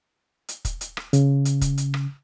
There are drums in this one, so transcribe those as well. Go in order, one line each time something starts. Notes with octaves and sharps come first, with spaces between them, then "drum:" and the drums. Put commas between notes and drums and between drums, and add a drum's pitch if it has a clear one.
drum: hi-hat
drum: kick, hi-hat
drum: hi-hat
drum: rim click
C#3, drum: hi-hat
drum: hi-hat
drum: kick, hi-hat
drum: hi-hat
drum: rim click